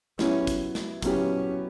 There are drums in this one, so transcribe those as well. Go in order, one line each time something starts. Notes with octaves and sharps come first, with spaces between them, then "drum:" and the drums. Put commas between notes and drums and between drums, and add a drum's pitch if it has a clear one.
F#3 B3 C#4 E4 G4, drum: snare
drum: kick, hi-hat
drum: snare
F#3 B3 C#4 E4 G4, drum: kick, hi-hat